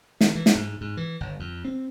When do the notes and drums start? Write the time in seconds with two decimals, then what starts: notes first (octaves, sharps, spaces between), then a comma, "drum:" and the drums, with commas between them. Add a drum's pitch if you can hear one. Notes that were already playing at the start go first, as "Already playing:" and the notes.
0.21 D#3, drum: snare
0.35 E3
0.46 drum: snare
0.55 G#2
0.81 G#2
0.97 E3
1.21 G1
1.40 F2
1.65 C4